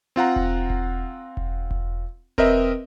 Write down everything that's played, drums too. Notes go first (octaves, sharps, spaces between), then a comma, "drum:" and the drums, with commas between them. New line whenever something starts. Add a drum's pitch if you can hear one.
C4 F4 F#5 A#5
drum: kick E1
drum: kick E1
drum: kick E1
drum: kick E1
C4 A#4 B4 D#5 E5, drum: kick E1